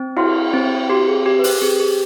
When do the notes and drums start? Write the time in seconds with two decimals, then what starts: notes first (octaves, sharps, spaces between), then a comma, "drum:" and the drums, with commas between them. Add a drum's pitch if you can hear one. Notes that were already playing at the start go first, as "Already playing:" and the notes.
Already playing: C4
0.17 E4 F#4, drum: cymbal
0.54 C4
0.90 F#4 G4
1.07 G#4
1.26 G4
1.39 B4
1.44 C5, drum: open hi-hat
1.62 C4 G#4
1.80 G#4